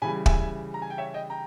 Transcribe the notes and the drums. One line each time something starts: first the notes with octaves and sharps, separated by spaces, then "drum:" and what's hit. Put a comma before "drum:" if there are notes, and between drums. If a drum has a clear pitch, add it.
C#3 E3 G3 G#5 B5
E5 G#5, drum: kick
A#5
G#5
G5
C#5 E5
D#5 G5
G5 A#5